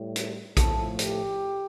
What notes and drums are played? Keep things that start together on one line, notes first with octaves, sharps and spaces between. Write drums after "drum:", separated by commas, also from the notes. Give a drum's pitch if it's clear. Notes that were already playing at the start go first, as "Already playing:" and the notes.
Already playing: A2 G3
drum: hi-hat
A2 F3 A3 A4, drum: kick A#1, hi-hat
G4, drum: hi-hat